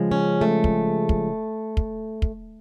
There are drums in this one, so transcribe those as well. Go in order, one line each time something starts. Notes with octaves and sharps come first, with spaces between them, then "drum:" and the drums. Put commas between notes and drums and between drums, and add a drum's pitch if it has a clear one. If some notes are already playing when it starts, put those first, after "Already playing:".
Already playing: C#3 F3 G#3
C#4
A3
drum: kick
drum: kick
drum: kick
drum: kick